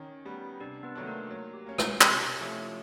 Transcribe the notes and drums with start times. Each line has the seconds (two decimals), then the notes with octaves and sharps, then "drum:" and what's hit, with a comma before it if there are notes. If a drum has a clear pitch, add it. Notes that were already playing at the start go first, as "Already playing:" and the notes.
Already playing: D#3 C#4 C#5
0.25 G3 B3
0.60 C3 D4 D5
0.83 B3 B4
0.95 D#3 F#3 A3 D4
1.07 A#3 A#4
1.30 F#3
1.54 G4
1.66 A#3 C#4
1.78 F#4, drum: rim click
2.01 C3 G4, drum: clap
2.36 F3 A3 C#4 E4